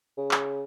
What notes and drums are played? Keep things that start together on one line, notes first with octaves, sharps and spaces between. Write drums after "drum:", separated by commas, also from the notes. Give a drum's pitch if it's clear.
C#3
drum: clap